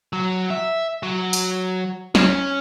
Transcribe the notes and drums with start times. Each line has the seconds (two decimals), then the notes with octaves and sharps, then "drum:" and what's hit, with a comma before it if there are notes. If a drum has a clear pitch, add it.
0.13 F#3
0.50 E5
1.03 F#3
1.33 drum: tambourine
2.15 C#4, drum: snare